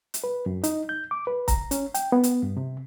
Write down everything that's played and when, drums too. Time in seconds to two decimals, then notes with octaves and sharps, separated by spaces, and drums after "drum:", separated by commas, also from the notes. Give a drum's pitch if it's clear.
0.14 drum: hi-hat
0.24 B4
0.46 F#2
0.64 D#4, drum: hi-hat
0.89 G6
1.11 D6
1.27 B4
1.48 A#5, drum: kick C#1, hi-hat
1.71 C#4, drum: hi-hat
1.94 G5, drum: hi-hat
2.12 B3
2.23 drum: hi-hat
2.43 G2
2.57 C3